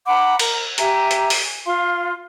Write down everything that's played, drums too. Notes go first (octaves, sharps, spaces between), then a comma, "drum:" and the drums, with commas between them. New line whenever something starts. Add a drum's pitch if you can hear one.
F#5 A#5 B5 D6
A#4, drum: cymbal
G4 E5 G#5 A#5, drum: hi-hat
drum: hi-hat
drum: open hi-hat
G#5
F4 F5 C6